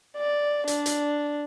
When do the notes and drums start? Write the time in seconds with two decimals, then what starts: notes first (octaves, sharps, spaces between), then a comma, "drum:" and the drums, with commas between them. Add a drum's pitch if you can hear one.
0.17 D5
0.68 D4, drum: hi-hat
0.86 drum: hi-hat